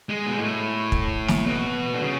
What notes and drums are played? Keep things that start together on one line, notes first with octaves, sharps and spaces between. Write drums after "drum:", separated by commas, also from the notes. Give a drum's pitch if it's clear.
G#3
B2
A2
drum: kick
drum: snare
B2
D3
C#3